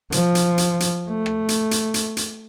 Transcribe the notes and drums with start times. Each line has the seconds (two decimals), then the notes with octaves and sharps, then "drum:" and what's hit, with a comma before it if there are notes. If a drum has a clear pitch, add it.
0.12 F3, drum: hi-hat
0.35 drum: hi-hat
0.58 drum: hi-hat
0.80 drum: hi-hat
1.09 A3
1.26 drum: rim click
1.49 drum: hi-hat
1.71 drum: hi-hat
1.94 drum: hi-hat
2.17 drum: hi-hat